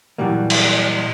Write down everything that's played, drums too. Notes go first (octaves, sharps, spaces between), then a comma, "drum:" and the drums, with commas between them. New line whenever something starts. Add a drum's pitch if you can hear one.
A#2 C#3 E3 F#3 G3 A#3
drum: cymbal